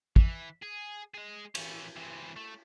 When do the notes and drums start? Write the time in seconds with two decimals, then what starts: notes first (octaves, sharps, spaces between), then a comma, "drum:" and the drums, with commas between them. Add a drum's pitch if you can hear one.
0.16 E3, drum: kick
0.62 G#4
1.14 G#3 G#4
1.55 E3 C#5, drum: cymbal
1.96 E3 C4
2.36 A3